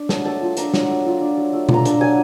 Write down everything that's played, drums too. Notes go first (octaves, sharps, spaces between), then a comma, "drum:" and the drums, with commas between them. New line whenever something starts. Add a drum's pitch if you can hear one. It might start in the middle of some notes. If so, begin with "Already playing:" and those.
Already playing: D4
F#3 A5, drum: snare
A3 A5
F4
D4 A#5, drum: hi-hat
F#3, drum: snare
A3
F4
D4
F#3
A3
F4, drum: tom B2
A#5
D4 A5, drum: hi-hat
F#3 G#5